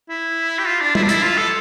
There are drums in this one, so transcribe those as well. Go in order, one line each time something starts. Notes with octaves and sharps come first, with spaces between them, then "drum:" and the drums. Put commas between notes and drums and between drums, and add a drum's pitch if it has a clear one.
E4
G4
F4
D4
E4, drum: tom
D4
E4, drum: hi-hat
F4
A4